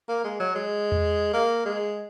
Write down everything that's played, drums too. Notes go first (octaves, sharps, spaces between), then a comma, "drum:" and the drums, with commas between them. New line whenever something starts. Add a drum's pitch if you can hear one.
A#3
G#3
F#3
G#3
drum: tom E2
A#3
G#3